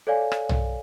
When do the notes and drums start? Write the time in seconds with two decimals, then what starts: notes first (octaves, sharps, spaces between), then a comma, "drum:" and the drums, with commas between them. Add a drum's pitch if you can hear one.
0.07 A4 C#5 D5 F5 G#5
0.32 drum: rim click
0.49 drum: tom B1